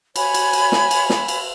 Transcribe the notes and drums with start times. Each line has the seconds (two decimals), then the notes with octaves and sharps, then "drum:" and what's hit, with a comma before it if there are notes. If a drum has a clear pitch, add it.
0.16 C#5 G#5 B5, drum: cymbal
0.34 drum: cymbal
0.53 drum: cymbal
0.72 drum: snare
0.91 drum: cymbal
1.10 drum: snare
1.28 drum: cymbal